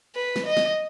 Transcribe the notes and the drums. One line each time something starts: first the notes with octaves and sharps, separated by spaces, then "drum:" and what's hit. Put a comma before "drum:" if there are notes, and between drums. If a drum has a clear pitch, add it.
B4
drum: snare
D#5
drum: snare